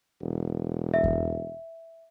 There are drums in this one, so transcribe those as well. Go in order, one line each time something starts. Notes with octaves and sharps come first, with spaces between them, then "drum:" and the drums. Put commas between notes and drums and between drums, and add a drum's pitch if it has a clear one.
E1
E5
drum: kick F2